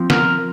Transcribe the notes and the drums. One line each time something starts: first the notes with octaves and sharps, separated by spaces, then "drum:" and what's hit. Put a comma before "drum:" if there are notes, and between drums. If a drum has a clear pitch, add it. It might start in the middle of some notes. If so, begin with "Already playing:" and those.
Already playing: F3 C4
A#4, drum: snare